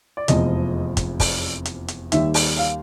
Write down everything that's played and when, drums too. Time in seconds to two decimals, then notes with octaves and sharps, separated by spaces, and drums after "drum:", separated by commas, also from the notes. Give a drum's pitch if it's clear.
0.17 D5
0.28 F1 E2 C3 F3 G#3 D#5, drum: hi-hat
0.97 drum: kick, hi-hat
1.20 drum: kick, open hi-hat
1.65 drum: hi-hat
1.88 drum: hi-hat
2.12 D#2 D#3 G3 E5, drum: hi-hat
2.34 drum: open hi-hat
2.57 F5